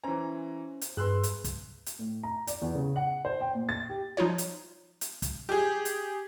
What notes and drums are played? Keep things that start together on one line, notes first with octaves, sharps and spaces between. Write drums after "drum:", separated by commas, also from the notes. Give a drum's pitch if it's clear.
E3 C#4 C5 G#5 A#5
drum: hi-hat
G2 G#4 B4 C6 E6 F#6
drum: hi-hat
drum: kick, hi-hat
drum: hi-hat
A2
A#5
D5, drum: hi-hat
E2
C#3
F#5
C5
G5
A#2
A6
G4
F3 D#4 F4 C#5
drum: hi-hat
drum: hi-hat
drum: kick, hi-hat
G4 G#4
drum: hi-hat